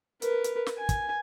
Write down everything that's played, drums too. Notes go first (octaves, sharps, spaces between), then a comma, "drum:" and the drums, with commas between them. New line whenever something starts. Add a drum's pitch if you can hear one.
A#4 B4, drum: hi-hat
drum: hi-hat
drum: snare
G#5
drum: kick, hi-hat